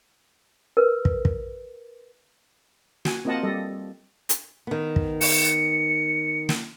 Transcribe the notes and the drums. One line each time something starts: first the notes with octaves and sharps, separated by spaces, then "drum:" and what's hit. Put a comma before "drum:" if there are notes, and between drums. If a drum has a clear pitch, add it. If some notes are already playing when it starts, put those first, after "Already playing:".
A#4 B4
drum: kick
drum: kick
F#4 G#5, drum: snare
A#3 C4 F4 D#5 F#5 A5
G3 A4 D#5
drum: hi-hat
D#3 B3
drum: kick
C#7, drum: open hi-hat
drum: snare